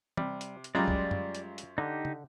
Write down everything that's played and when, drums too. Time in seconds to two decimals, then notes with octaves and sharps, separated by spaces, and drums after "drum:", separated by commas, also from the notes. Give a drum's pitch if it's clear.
0.17 C3 G3, drum: tom
0.41 drum: hi-hat
0.64 drum: hi-hat
0.75 F#2 G3 G#3 F4 D5 A#5
0.88 drum: kick
1.11 drum: tom
1.35 drum: hi-hat
1.58 drum: hi-hat
1.78 D3 D#4 G4
2.05 drum: tom